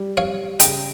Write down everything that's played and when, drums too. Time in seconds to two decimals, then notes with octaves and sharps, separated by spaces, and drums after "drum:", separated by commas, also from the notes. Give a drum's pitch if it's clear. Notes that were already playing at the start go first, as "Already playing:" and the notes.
Already playing: G3
0.17 G3 C#5 F5
0.60 C#3 D#5 G5, drum: hi-hat